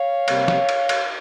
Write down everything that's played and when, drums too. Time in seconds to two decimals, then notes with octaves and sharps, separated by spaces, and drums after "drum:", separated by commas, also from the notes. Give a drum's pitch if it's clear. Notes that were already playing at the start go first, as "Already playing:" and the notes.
Already playing: C#5 F5
0.28 C3 G3 A#3, drum: cymbal
0.48 drum: snare
0.69 drum: cymbal
0.89 drum: cymbal